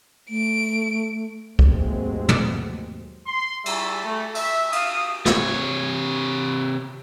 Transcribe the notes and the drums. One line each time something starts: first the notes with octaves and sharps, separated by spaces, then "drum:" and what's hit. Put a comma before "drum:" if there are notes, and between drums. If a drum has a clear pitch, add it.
A3 D7
D#2 G#2 F#3 G#3 A3 C4, drum: kick
drum: tom
C6
G3 E4 G#4 E5 A5, drum: cymbal
A3
E5, drum: open hi-hat
F5 D#6, drum: cymbal
C3 C#5, drum: snare